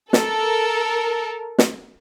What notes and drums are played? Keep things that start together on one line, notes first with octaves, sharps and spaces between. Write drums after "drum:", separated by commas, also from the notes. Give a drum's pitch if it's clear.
A4 A#4, drum: snare
drum: snare